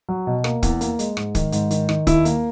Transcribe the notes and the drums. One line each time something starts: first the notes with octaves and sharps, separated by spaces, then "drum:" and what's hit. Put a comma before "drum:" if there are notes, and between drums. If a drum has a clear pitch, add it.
F#3
B2
A#3, drum: rim click
E2, drum: kick, hi-hat
A#3, drum: hi-hat
G#3, drum: hi-hat
G#2, drum: rim click
D#3, drum: kick, hi-hat
G#2, drum: hi-hat
D#3, drum: hi-hat
D#3, drum: rim click
D#2 E4, drum: kick, hi-hat
A#3, drum: hi-hat